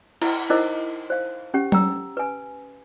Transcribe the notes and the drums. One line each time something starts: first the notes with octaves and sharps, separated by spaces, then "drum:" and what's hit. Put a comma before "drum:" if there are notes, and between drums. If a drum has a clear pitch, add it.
E4, drum: cymbal
D#4 E4 A#4 C5 D#5 D6
C5 F5
C#4 G4 F#5
G5 A#5 E6, drum: tom
B4 G#5